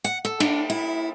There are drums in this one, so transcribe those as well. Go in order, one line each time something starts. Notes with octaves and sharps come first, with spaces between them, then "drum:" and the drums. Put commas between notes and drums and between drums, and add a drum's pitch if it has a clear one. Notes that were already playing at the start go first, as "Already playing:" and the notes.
F#5
A4
D4, drum: cymbal
E4